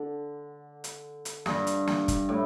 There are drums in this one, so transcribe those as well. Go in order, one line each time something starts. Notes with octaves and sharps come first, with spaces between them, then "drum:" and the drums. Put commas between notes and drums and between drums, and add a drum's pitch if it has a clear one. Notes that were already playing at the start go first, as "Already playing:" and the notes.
Already playing: D3
drum: hi-hat
drum: hi-hat
G2, drum: snare
drum: hi-hat
drum: snare
drum: kick, hi-hat
A2